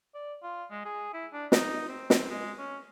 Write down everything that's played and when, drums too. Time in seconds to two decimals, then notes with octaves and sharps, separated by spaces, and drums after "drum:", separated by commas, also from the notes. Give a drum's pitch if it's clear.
0.15 D5
0.43 F4
0.71 G#3
0.85 G#4
1.14 E4
1.33 D4
1.52 D#4, drum: snare
1.88 C4
2.10 drum: snare
2.31 G#3
2.59 C#4